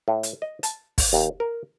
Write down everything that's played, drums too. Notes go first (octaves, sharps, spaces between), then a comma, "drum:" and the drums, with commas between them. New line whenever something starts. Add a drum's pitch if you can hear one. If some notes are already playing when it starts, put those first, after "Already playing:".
A2
drum: hi-hat
D#5
A5, drum: hi-hat
drum: kick, open hi-hat
D#2
A#4